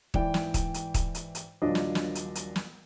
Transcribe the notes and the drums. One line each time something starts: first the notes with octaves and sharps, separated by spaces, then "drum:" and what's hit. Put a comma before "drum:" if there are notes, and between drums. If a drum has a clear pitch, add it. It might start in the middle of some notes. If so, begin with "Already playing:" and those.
G#2 E3 D5 G5, drum: kick
drum: snare
drum: kick, hi-hat
drum: hi-hat
drum: kick, hi-hat
drum: hi-hat
drum: hi-hat
D#1 A#1 F#3 D4 F4 D#5
drum: snare
drum: snare
drum: hi-hat
drum: hi-hat
drum: snare